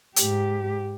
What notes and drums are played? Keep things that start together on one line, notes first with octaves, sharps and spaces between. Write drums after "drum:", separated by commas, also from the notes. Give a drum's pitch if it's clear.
G#2 G4, drum: hi-hat